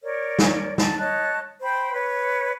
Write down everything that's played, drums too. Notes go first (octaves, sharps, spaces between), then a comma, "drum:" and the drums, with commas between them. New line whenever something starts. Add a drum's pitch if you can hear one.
A#4 C#5 D5
drum: snare
A5, drum: snare
C#5 D#5 A5 F#6
C5 G5 B5 C6
B4 C#5